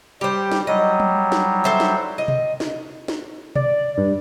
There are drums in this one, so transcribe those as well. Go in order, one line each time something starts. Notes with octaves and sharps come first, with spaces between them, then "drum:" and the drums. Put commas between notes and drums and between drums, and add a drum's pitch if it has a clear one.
G3 G4 C5
drum: snare
F#3 G3 D#5
drum: tom F#3
drum: snare
A4 C5 E5
drum: snare
D#5
drum: tom B2
drum: snare
drum: snare
D5, drum: tom B2
G2